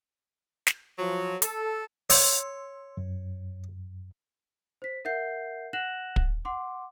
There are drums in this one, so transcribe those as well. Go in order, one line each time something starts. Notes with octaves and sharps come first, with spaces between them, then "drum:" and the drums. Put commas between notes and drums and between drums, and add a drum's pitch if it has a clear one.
drum: snare
F3 F#3
A4, drum: hi-hat
C#5 C6 E6, drum: open hi-hat
F#2
C5 B6
A#4 E5 F#5 G6 C7
F#5 F#6 A#6 E7 F#7
drum: kick
F#5 C6 D6